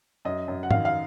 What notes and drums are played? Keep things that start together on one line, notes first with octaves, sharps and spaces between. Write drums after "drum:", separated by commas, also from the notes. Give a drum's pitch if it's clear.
F#2 D#5
F#2
F#5
D#3 F5, drum: tom G#2
F5